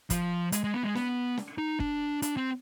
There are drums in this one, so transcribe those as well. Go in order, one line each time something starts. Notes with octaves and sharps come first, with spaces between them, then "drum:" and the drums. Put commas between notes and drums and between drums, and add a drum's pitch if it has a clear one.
F3, drum: kick, hi-hat
G#3, drum: hi-hat
G#3
B3
G#3
B3, drum: snare
drum: snare
D#4
D4, drum: kick
D4, drum: hi-hat
C4